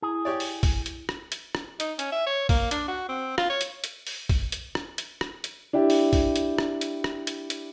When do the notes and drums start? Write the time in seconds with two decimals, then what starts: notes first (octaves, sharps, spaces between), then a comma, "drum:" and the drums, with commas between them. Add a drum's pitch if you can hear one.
0.02 E4 G#4
0.25 G4 C#5 D5
0.40 drum: open hi-hat
0.63 drum: kick, open hi-hat
0.86 drum: hi-hat
1.09 drum: rim click
1.32 drum: hi-hat
1.55 drum: rim click
1.80 D#4, drum: hi-hat
1.99 C#4, drum: hi-hat
2.12 E5
2.27 C#5
2.49 A#3, drum: kick, open hi-hat
2.71 D4, drum: hi-hat
2.88 F#4
3.09 C4
3.38 F4, drum: rim click
3.50 C#5
3.61 drum: hi-hat
3.84 drum: hi-hat
4.07 drum: open hi-hat
4.29 drum: kick, open hi-hat
4.52 drum: hi-hat
4.75 drum: rim click
4.98 drum: hi-hat
5.21 drum: rim click
5.44 drum: hi-hat
5.73 D4 E4 G4
5.90 drum: open hi-hat
6.13 drum: kick, open hi-hat
6.36 drum: hi-hat
6.58 drum: rim click
6.81 drum: hi-hat
7.04 drum: rim click
7.27 drum: hi-hat
7.50 drum: hi-hat